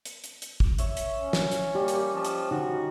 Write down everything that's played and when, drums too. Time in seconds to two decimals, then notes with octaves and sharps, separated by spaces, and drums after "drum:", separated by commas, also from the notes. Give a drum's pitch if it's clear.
0.05 drum: hi-hat
0.24 drum: hi-hat
0.42 drum: hi-hat
0.60 drum: kick
0.78 C#5 E5, drum: hi-hat
0.97 drum: hi-hat
1.20 C#4
1.33 drum: snare
1.51 drum: hi-hat
1.75 G3 A#3 G4
1.88 drum: hi-hat
2.15 F3 D#5 A5
2.25 drum: hi-hat
2.51 D3 C#4 D#4 F#4